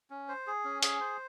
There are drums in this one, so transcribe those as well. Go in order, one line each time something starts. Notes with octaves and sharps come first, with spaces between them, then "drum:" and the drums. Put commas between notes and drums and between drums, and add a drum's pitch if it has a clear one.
C#4
C5
G#4
C#4
G#4, drum: hi-hat
C5